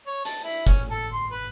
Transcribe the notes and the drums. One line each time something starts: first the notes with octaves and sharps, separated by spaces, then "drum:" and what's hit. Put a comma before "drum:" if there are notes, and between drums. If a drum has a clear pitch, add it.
C#5
A5, drum: hi-hat
E4
C#4, drum: kick
A4
C6
B4